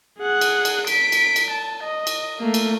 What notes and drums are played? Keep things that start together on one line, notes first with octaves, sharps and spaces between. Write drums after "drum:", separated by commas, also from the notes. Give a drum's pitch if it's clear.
G#4 F#5
drum: cymbal
drum: cymbal
B6 D7, drum: cymbal
drum: cymbal
drum: cymbal
A5
D#5
drum: cymbal
A3 A#3
drum: cymbal